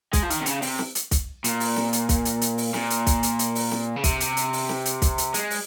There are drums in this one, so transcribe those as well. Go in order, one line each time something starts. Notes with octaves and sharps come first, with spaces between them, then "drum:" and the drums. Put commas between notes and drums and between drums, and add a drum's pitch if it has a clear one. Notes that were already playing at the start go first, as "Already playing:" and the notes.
G#3, drum: kick, hi-hat
F3
D#3, drum: hi-hat
C3
C#3, drum: hi-hat
C3, drum: open hi-hat
drum: snare
drum: hi-hat
drum: kick, hi-hat
A#2, drum: hi-hat
drum: open hi-hat
drum: snare
drum: hi-hat
drum: kick, hi-hat
drum: hi-hat
drum: hi-hat
drum: open hi-hat
A#2, drum: snare
drum: hi-hat
drum: kick, hi-hat
drum: hi-hat
drum: hi-hat
drum: open hi-hat
drum: snare
C#3
C3, drum: kick, hi-hat
drum: hi-hat
drum: hi-hat
drum: open hi-hat
drum: snare
drum: hi-hat
drum: kick, hi-hat
drum: hi-hat
G#3, drum: hi-hat
drum: open hi-hat